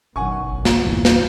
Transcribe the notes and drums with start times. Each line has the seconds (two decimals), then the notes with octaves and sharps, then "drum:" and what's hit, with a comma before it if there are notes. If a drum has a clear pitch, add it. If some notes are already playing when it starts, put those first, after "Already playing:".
0.16 G1 B2 D#3 F#3 F#5 G#5 C#6
0.52 B1 G2 D3
0.65 drum: snare
0.84 D1 E2 A#2 E3
1.05 drum: snare